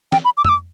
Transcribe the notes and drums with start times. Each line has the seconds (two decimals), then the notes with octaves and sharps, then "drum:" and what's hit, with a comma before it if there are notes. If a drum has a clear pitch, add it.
0.12 G5, drum: snare
0.25 B5
0.37 D6
0.45 E6, drum: tom
0.49 D6